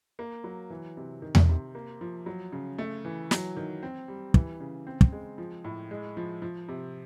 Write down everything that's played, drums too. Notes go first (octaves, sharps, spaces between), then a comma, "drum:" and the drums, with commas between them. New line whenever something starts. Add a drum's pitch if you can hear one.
A#3
F#3
E3
C3
D#3
drum: tom E2
C3
A#3
F3
F#3
C#3
A3
E3
F#3, drum: snare
D#3
C4
G3
E3, drum: kick
C#3
C4
drum: kick
G#3
F3
A2
G#3
F3
F3
C3